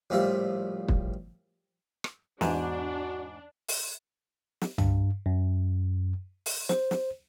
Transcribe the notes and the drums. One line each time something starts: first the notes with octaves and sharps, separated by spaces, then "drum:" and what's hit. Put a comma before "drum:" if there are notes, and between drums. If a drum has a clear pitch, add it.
A#1 A2 F3 G3 E5
drum: kick
drum: rim click
E2 G#2 D4 F#4, drum: snare
drum: open hi-hat
drum: snare
G2, drum: tom
F#2
drum: open hi-hat
C5, drum: snare
drum: snare